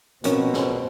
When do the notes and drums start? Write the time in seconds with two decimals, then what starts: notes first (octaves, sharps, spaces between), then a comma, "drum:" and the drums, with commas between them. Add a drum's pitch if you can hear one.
0.24 B2 F3 C4 C#4 A#4, drum: hi-hat
0.54 drum: snare